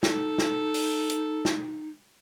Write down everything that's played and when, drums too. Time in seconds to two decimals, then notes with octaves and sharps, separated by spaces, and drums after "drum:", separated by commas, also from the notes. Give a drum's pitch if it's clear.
0.03 D#4 A4, drum: snare
0.38 drum: snare
0.74 drum: open hi-hat
1.09 drum: hi-hat
1.45 drum: snare